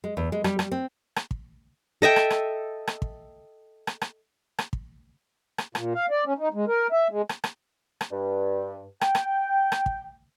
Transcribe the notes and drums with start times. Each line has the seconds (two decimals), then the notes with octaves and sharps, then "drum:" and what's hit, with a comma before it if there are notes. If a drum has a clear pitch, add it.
0.04 G#3
0.17 E2
0.32 G#3
0.44 G3, drum: rim click
0.59 G3, drum: rim click
0.72 C4
1.16 drum: rim click
1.31 drum: kick
2.02 A4 D#5 E5 G5
2.16 drum: rim click
2.30 drum: rim click
2.87 drum: rim click
3.02 drum: kick
3.87 drum: rim click
4.02 drum: rim click
4.59 drum: rim click
4.73 drum: kick
5.58 drum: rim click
5.75 A#2, drum: rim click
5.95 F5
6.10 D5
6.25 C#4
6.38 D#4
6.54 G#3
6.68 A#4
6.92 E5
7.11 G#3
7.29 drum: rim click
7.44 drum: rim click
8.01 drum: rim click
8.11 G2
9.01 G5, drum: rim click
9.15 drum: rim click
9.72 drum: rim click
9.86 drum: kick